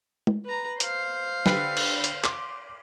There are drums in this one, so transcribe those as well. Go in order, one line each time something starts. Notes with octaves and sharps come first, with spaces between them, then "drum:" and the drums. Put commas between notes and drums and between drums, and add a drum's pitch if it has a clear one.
drum: tom G#3
B4 A#5
C5 F5, drum: hi-hat
D3 G4 B4, drum: snare
drum: cymbal
drum: hi-hat
C6 D6, drum: clap